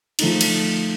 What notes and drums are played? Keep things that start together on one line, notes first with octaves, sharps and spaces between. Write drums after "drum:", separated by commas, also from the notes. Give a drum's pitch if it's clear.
F3 A3 D#4, drum: cymbal
drum: cymbal